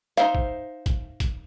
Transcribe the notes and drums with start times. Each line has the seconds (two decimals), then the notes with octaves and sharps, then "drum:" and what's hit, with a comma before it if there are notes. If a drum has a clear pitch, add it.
0.17 D#4 E4 C5 E5 F5, drum: hi-hat
0.35 drum: kick A1
0.86 drum: kick A1, hi-hat
1.20 drum: kick A1, hi-hat